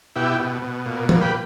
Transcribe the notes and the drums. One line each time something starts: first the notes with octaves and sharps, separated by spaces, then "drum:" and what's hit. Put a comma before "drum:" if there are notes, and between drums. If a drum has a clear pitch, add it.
B2 E4 G4
B2
B2
A#2
A#2, drum: tom
G4 B4